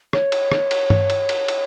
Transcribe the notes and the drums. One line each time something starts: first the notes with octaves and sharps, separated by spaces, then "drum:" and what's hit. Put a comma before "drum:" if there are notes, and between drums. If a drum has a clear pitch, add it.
C#5, drum: rim click
drum: cymbal
drum: rim click
drum: cymbal
drum: tom G2
drum: cymbal
drum: cymbal
drum: cymbal